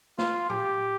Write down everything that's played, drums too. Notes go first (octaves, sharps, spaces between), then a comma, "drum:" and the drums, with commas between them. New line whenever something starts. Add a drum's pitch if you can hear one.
F4, drum: snare
G4, drum: tom A2